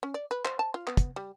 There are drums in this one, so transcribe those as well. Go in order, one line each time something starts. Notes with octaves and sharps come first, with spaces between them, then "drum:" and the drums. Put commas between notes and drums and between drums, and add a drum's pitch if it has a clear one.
C#4
D5
B4
C5, drum: clap
A5
F4
B3, drum: clap
drum: kick, hi-hat
G3